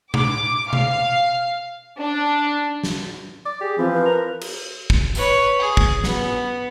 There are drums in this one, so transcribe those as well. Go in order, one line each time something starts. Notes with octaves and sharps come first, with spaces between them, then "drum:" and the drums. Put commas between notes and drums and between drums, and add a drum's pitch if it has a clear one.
D6, drum: tom B2
F5, drum: tom B2
D4
drum: snare
D5
G4 G#4
E3 F3 C4
B4
A#4
drum: cymbal
drum: kick
B4 C#5, drum: tambourine
G#4
drum: kick
B3, drum: snare